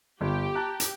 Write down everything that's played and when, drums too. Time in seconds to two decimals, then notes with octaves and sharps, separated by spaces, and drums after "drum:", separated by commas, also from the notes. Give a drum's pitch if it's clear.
0.21 G1 G4
0.55 A5 A#5 F#6
0.80 drum: hi-hat